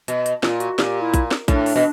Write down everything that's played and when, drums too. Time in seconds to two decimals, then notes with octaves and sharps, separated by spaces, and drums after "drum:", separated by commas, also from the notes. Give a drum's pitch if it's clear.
0.08 B2, drum: hi-hat
0.26 drum: hi-hat
0.43 A#2 F4, drum: snare
0.60 F#4, drum: hi-hat
0.79 A#2 G4, drum: snare
1.01 E4
1.14 drum: kick, hi-hat
1.31 drum: snare
1.48 A2 D4, drum: kick, hi-hat
1.66 drum: open hi-hat
1.76 B2